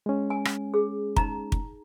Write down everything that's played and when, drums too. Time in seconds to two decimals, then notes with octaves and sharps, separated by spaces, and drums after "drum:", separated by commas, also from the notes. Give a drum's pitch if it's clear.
0.06 G#3 C#4
0.30 G#5
0.45 drum: rim click
0.74 G#4
1.17 D#4 A#5, drum: kick
1.52 drum: kick